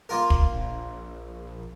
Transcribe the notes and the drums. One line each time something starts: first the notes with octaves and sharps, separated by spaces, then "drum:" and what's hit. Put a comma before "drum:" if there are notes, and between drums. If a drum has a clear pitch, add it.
A#3 F4 A#4
drum: kick
A#1